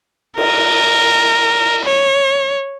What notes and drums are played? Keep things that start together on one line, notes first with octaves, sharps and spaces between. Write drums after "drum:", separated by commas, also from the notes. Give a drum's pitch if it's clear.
A#4, drum: cymbal
C#5